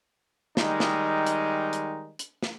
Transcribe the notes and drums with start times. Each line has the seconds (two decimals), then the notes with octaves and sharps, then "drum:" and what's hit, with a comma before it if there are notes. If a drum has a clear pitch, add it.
0.57 D#3 G3 G#3 D#4, drum: snare
0.80 drum: snare
1.27 drum: hi-hat
1.73 drum: hi-hat
2.19 drum: hi-hat
2.43 drum: snare